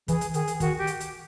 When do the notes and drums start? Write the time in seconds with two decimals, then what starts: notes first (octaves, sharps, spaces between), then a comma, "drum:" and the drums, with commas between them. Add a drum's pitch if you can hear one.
0.08 E3 G#4, drum: kick, hi-hat
0.21 drum: hi-hat
0.34 D#3 G#4, drum: hi-hat
0.48 drum: hi-hat
0.60 D#3 F#4, drum: kick, hi-hat
0.78 G4
0.87 drum: hi-hat
1.00 drum: hi-hat